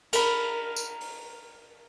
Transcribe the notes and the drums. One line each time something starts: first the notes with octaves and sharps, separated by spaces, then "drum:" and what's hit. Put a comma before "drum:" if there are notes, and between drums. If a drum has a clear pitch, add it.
A#4 B5, drum: cymbal
drum: tambourine
drum: open hi-hat